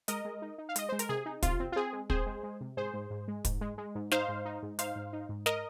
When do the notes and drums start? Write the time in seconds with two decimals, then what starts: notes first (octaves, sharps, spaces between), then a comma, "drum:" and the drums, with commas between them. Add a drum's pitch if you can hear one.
0.08 G#3 A#4 D#5, drum: hi-hat
0.25 G#3
0.42 D#4
0.58 D#4
0.69 F5
0.76 G#3 D#5, drum: hi-hat
0.89 G#3 C5
0.99 A#4, drum: hi-hat
1.09 C3 G#4
1.26 D#4
1.42 C3 F4, drum: kick, hi-hat
1.60 C4
1.72 F4
1.76 C4 G#4
1.93 G#3
2.10 C4 G#4 C5, drum: kick
2.26 G#3
2.43 G#3
2.61 C3
2.77 G#2 G#4 C5
2.94 G#2
3.10 G#2
3.28 G#3
3.45 G#2, drum: kick, hi-hat
3.61 G#3
3.78 G#3
3.95 G#2
4.11 D#4 C5 F5, drum: snare
4.28 G#2
4.45 D#4
4.63 G#2
4.79 D#4 C5 F5, drum: hi-hat
4.96 G#2
5.13 D#4
5.29 G#2
5.46 A#4 D#5, drum: snare